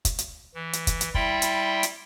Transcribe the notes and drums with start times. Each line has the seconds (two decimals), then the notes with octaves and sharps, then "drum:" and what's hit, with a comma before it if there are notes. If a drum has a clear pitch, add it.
0.05 drum: kick, hi-hat
0.19 drum: hi-hat
0.54 E3
0.73 drum: hi-hat
0.87 drum: kick, hi-hat
1.01 drum: hi-hat
1.14 G3 E4 D5 E5 G5 C6, drum: kick
1.42 drum: hi-hat
1.83 drum: hi-hat